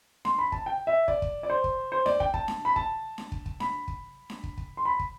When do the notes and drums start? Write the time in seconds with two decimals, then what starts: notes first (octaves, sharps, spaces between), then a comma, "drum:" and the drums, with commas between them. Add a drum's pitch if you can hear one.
0.25 C6, drum: snare D4
0.39 B5
0.52 A5, drum: kick
0.66 G5
0.87 E5
1.08 D5, drum: kick
1.22 drum: kick
1.43 D5
1.50 C5
1.64 drum: kick
1.92 C5
2.06 D5, drum: snare D4
2.20 G5, drum: kick
2.34 A5, drum: kick
2.48 drum: snare D4
2.65 B5
2.76 A5, drum: kick
3.18 drum: snare D4
3.32 drum: kick
3.46 drum: kick
3.60 B5, drum: snare D4
3.88 drum: kick
4.30 drum: snare D4
4.44 drum: kick
4.58 drum: kick
4.77 C6
4.85 B5
4.99 drum: kick